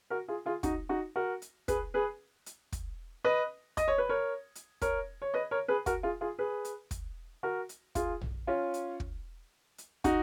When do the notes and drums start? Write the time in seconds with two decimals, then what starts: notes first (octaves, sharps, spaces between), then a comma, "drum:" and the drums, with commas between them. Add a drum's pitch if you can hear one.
0.10 F#4 A#4
0.28 F4 G#4
0.46 F4 G#4
0.63 D#4 F#4, drum: kick, hi-hat
0.89 D#4 F#4
1.16 F#4 A#4
1.42 drum: hi-hat
1.68 G#4 B4, drum: kick, hi-hat
1.94 G#4 B4
2.46 drum: hi-hat
2.72 drum: kick, hi-hat
3.24 B4 D#5
3.77 D#5, drum: kick, hi-hat
3.88 C#5
3.98 B4
4.09 A#4 C#5
4.55 drum: hi-hat
4.81 A#4 C#5, drum: kick, hi-hat
5.22 C#5
5.34 B4 D#5
5.51 A#4 C#5
5.68 G#4 B4
5.86 F#4 A#4, drum: kick, hi-hat
6.03 F4 G#4
6.21 F4 G#4
6.39 G#4 B4
6.65 drum: hi-hat
6.91 drum: kick, hi-hat
7.43 F#4 A#4
7.69 drum: hi-hat
7.95 F4 G#4, drum: kick, hi-hat
8.21 drum: tom A#1
8.47 C#4 F4
8.74 drum: hi-hat
9.00 drum: kick
9.78 drum: hi-hat
10.04 D#4 F#4, drum: kick, hi-hat